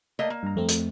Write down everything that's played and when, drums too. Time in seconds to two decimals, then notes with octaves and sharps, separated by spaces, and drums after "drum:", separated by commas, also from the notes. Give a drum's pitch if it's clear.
0.19 A3 A#3 D#5
0.30 A#3
0.43 G2 A#5
0.56 F2 A3 C4
0.69 drum: hi-hat